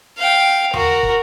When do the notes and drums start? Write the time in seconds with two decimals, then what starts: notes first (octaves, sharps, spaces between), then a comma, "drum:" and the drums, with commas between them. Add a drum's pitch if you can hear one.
0.18 F5 G5
0.74 F#4 A#4, drum: tom E2
1.03 drum: kick